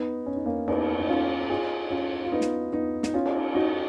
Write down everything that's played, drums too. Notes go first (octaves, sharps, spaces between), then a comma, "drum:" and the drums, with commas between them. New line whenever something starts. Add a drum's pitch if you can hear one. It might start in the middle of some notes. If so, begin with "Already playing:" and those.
Already playing: B3 D#4
C#4
D#4
A#3 C#4
B3 D#4, drum: cymbal
D#4
C#4 F4
F4 G#4
C#4 F4
F4
B3 D#4
drum: snare
B3 D#4
D#4, drum: snare
C#4 F4
drum: cymbal
D#4 F#4